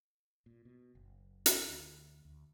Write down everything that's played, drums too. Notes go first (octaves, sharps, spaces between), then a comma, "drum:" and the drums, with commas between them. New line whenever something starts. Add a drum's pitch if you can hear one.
A#2
B2
F#1
drum: hi-hat
D2
D2